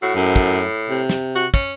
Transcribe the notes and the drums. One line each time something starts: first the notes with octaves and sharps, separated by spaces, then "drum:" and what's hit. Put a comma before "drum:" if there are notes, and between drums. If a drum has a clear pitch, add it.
A2 F#4
F#2
drum: kick
C3
drum: snare
F#4
C#4, drum: kick